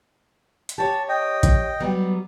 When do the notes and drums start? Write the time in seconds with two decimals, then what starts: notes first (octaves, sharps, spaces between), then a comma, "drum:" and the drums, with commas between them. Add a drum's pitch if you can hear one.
0.69 drum: hi-hat
0.78 G4 C#5 A5
1.09 D#5 G5
1.43 drum: kick A#1, hi-hat
1.80 F#3 G3 B3